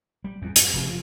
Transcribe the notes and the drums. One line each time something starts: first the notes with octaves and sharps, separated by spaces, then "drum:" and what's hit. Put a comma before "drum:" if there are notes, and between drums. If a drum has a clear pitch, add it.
G3
E2
F#2, drum: hi-hat
F1
F3